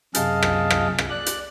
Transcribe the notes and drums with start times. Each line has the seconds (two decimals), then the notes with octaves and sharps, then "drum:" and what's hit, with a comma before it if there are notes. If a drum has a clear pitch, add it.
0.15 F#2 C3 G#4 D#5 F5 A5, drum: hi-hat
0.43 drum: rim click
0.70 drum: rim click
0.98 drum: rim click
1.10 D5 F#6
1.26 drum: hi-hat